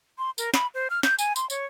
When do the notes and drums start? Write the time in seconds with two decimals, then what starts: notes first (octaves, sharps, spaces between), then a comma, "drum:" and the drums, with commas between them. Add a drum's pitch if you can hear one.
0.18 C6
0.38 A#4, drum: tambourine
0.54 B5, drum: snare
0.74 C5
0.90 F6
1.03 G6, drum: snare
1.19 G#5, drum: tambourine
1.36 C6, drum: tambourine
1.50 C#5, drum: tambourine